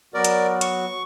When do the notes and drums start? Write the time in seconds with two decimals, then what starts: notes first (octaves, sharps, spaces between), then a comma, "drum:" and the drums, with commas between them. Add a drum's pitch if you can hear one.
0.14 F#3 B3 F#4 A#4 D5
0.24 drum: hi-hat
0.61 C#6, drum: hi-hat